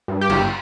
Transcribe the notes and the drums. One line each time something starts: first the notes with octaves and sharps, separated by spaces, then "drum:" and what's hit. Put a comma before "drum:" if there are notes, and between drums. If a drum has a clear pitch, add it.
G2
G4
G1, drum: cymbal